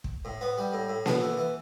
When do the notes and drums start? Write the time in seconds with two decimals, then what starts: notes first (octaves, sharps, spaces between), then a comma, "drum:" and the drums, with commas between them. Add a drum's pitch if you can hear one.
0.04 drum: kick
0.25 A2
0.41 B3
0.58 G3
0.73 A2
0.89 A2
1.06 B3, drum: snare A#3
1.21 E3
1.37 E3